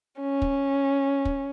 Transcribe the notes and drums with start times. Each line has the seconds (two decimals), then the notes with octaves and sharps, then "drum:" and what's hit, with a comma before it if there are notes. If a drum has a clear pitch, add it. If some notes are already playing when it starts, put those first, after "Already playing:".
0.21 C#4
0.42 drum: kick
1.25 drum: kick